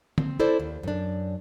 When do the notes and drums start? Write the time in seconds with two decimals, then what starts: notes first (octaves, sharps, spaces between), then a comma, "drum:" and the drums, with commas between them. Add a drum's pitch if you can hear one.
0.18 C4, drum: tom D3
0.40 E4 A4 C5 D5
0.60 D#2
0.83 F#2 D4